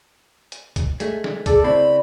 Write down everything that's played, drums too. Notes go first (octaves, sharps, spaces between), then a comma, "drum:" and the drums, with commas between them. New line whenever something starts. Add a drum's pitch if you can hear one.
drum: hi-hat
drum: kick, hi-hat
G#3 A3, drum: hi-hat
drum: snare
G#4 A4 D5, drum: kick, hi-hat
C#3 C4 E4 D5 B5